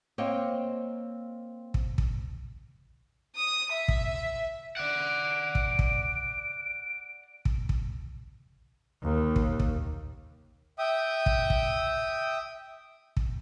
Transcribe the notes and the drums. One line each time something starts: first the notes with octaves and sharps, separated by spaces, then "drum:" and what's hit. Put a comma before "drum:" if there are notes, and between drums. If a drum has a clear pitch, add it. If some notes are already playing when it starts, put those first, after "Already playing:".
A#3 C4 C5 C#5 D#5 G5
drum: kick
drum: kick
D#6
E5
drum: kick
D5 F#5 D7
drum: kick
drum: kick
drum: kick
drum: kick
D#2
drum: kick
drum: kick
E5 G5 D#6
drum: kick
drum: kick
drum: kick